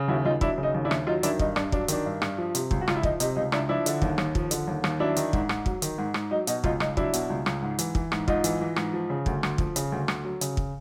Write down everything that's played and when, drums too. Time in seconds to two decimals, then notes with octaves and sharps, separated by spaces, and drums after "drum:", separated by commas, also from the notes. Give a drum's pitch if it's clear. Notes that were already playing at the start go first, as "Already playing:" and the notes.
Already playing: C#3
0.08 D#2 E4 F#4
0.25 D#2 D#4 F4
0.41 F#3 D4 E4, drum: kick
0.58 C#3
0.63 D#4
0.74 D#2
0.85 D4 E4
0.91 D#2, drum: rim click
1.07 F#3 D#4 F4
1.23 D#3 D4 E4, drum: hi-hat
1.39 G2 D#4, drum: kick
1.56 G2 D4, drum: rim click
1.72 F#3 D4, drum: kick
1.88 D#3 D4, drum: hi-hat
2.06 G2
2.22 G2, drum: rim click
2.38 F3
2.55 C3, drum: hi-hat
2.71 C#2, drum: kick
2.81 F#4
2.88 C#2 F4, drum: rim click
2.96 E4
3.03 F3 D#4, drum: kick
3.20 C3 D#4, drum: hi-hat
3.36 C#2 D#4
3.52 C#2 D4 E4, drum: rim click
3.69 F3 D4 E4
3.86 D3, drum: hi-hat
4.02 D#2, drum: kick
4.18 D#2, drum: rim click
4.35 F3, drum: kick
4.51 D3, drum: hi-hat
4.67 D#2
4.84 D#2, drum: rim click
5.00 F#3 D4 E4
5.16 D#3, drum: hi-hat
5.33 G#2, drum: kick
5.49 G#2, drum: rim click
5.66 F#3, drum: kick
5.82 D#3, drum: hi-hat
5.98 G#2
6.14 G#2, drum: rim click
6.31 F#3 D#4
6.47 B2 D#4, drum: hi-hat
6.64 C#2 D#4 F4, drum: kick
6.80 C#2 D#4, drum: rim click
6.97 F#3 D4 E4, drum: kick
7.13 B2, drum: hi-hat
7.30 C#2
7.46 C#2, drum: rim click
7.62 G#2
7.79 E3, drum: hi-hat
7.95 E3, drum: kick
8.12 G#2, drum: rim click
8.28 G#2 D#4 F4, drum: kick
8.44 E3, drum: hi-hat
8.61 E3
8.76 G#2, drum: rim click
8.93 F3
9.10 C#3
9.26 D2, drum: kick
9.43 D2, drum: rim click
9.58 F3, drum: kick
9.76 C#3, drum: hi-hat
9.92 D2
10.08 D2, drum: rim click
10.25 F#3
10.41 C#3, drum: hi-hat
10.57 drum: kick